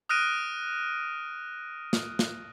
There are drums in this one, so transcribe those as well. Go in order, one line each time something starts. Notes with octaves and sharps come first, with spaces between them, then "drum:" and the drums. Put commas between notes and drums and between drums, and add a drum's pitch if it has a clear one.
D#6 F6 F#6 A#6 D7 D#7
drum: snare
drum: snare